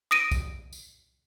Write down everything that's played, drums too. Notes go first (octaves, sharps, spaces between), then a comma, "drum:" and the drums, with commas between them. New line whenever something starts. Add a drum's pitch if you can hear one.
D#6 A#6 D7 D#7
drum: kick, tambourine
drum: tambourine